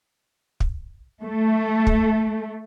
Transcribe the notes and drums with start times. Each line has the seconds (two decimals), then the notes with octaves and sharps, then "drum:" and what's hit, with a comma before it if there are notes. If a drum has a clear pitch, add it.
0.60 drum: kick
1.23 A3
1.87 drum: kick